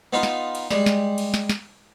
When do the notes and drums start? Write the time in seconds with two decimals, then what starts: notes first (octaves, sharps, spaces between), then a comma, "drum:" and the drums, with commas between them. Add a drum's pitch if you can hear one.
0.13 B3 D#4 F4
0.23 drum: snare
0.55 drum: cymbal
0.71 G3 G#3, drum: snare
0.86 drum: snare
1.18 drum: cymbal
1.34 drum: snare
1.49 drum: snare